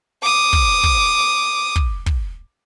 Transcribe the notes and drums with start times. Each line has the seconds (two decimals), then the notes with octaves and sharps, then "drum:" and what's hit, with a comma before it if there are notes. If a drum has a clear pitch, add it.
0.22 D6 D#6
0.53 drum: kick
0.84 drum: kick
1.76 drum: kick
2.06 drum: kick